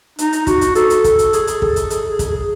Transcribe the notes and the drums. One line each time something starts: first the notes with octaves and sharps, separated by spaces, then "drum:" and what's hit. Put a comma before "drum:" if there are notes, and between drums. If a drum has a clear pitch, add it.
D#4, drum: hi-hat
drum: hi-hat
F#4, drum: kick, hi-hat
drum: hi-hat
A4, drum: hi-hat
drum: hi-hat
drum: kick, hi-hat
drum: hi-hat
G#4, drum: hi-hat
drum: hi-hat
A4, drum: kick
drum: hi-hat
G#4, drum: hi-hat
G#4
drum: kick, hi-hat
G#4